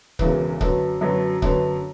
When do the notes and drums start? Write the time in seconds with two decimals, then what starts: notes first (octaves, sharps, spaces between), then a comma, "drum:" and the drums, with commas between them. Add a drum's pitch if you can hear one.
0.19 E1 E2 C#3 E3 B3, drum: kick
0.61 F#2 D3 F#3 B3, drum: kick
1.01 F#2 D3 F#3 B3
1.42 F#2 D3 F#3 B3, drum: kick